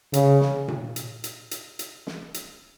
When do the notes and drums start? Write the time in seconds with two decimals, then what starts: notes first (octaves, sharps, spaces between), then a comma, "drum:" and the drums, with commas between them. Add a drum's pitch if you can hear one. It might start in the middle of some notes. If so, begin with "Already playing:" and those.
0.13 C#3, drum: hi-hat
0.41 drum: snare
0.68 drum: tom A#2
0.96 drum: hi-hat
1.24 drum: hi-hat
1.51 drum: hi-hat
1.79 drum: hi-hat
2.07 drum: snare
2.34 drum: hi-hat